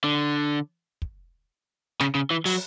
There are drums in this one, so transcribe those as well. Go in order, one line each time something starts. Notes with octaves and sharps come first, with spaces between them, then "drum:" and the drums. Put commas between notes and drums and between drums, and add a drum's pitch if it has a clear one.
D3
drum: kick
C#3, drum: snare
C#3
E3
F#3, drum: open hi-hat